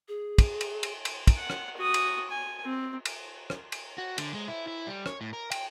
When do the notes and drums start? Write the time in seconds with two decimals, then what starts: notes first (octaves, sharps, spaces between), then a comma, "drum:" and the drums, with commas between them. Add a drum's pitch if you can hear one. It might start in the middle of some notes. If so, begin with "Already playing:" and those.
0.08 G#4
0.38 drum: kick, cymbal
0.61 drum: cymbal
0.83 drum: cymbal
1.05 drum: cymbal
1.27 drum: kick, cymbal
1.38 F#5
1.50 drum: rim click
1.77 F#4 D#6
1.94 drum: cymbal
2.30 G#5
2.64 C4
3.05 drum: cymbal
3.50 drum: rim click
3.72 drum: cymbal
3.98 F#4
4.18 D3, drum: cymbal
4.34 G#3
4.48 E4
4.67 E4
4.87 G3
5.06 C#5, drum: rim click
5.21 A2
5.33 A#4
5.52 G5, drum: cymbal